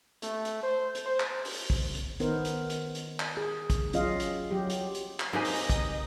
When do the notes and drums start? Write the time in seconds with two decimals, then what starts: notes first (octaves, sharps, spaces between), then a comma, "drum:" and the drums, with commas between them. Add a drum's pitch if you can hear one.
0.22 A3, drum: hi-hat
0.45 drum: hi-hat
0.63 C5
0.95 drum: hi-hat
1.06 C5
1.20 drum: clap
1.45 drum: open hi-hat
1.70 drum: kick
1.95 drum: hi-hat
2.20 D#3 B3 D#4 A#4 C5, drum: hi-hat
2.45 drum: hi-hat
2.70 drum: hi-hat
2.95 drum: hi-hat
3.20 drum: clap
3.37 G#4
3.70 drum: kick, hi-hat
3.93 F#3 C#4 F4 G#4 D#5 F5, drum: hi-hat
4.20 drum: hi-hat
4.51 F#3 G4
4.70 drum: hi-hat
4.95 drum: hi-hat
5.20 drum: clap
5.33 G#3 A#3 C4 D#4 G4 B4 D#5 G#5
5.45 drum: open hi-hat
5.70 drum: kick, hi-hat